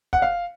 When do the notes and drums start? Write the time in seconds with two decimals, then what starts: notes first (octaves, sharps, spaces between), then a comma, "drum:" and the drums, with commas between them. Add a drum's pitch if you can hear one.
0.13 F#5, drum: kick
0.22 F5